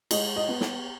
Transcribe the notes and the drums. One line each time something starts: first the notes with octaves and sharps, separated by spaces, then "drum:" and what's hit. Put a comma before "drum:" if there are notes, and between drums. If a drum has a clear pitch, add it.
G#3 D#5, drum: cymbal
D#5
B3
drum: snare